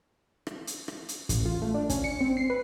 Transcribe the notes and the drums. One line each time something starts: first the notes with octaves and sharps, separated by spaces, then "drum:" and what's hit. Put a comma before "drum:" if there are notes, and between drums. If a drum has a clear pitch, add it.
drum: rim click
drum: hi-hat
drum: rim click
drum: hi-hat
A1, drum: kick, hi-hat
F4
A3
D4
C#4, drum: kick, hi-hat
C#7
C4
C7
B4